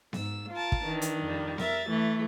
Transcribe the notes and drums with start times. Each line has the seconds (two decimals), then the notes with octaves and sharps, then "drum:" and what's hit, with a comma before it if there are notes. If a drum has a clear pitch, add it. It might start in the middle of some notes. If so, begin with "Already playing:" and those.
0.13 G#2 E6, drum: snare B3
0.50 F4 A#4 A5
0.72 drum: kick
0.85 D#3 E3 D4
1.02 drum: hi-hat
1.25 F2 G3
1.58 A#4 E5 A6, drum: snare B3
1.89 E3 A3